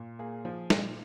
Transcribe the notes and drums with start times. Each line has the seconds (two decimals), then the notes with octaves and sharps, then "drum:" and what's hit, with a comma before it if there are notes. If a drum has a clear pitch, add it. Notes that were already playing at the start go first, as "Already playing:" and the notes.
Already playing: A#2
0.19 A#3 G#4
0.45 F3
0.70 A#2, drum: snare